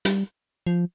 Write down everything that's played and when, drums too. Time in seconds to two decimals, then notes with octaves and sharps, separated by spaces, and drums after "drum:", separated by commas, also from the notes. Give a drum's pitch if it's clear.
0.05 G3, drum: hi-hat
0.67 F3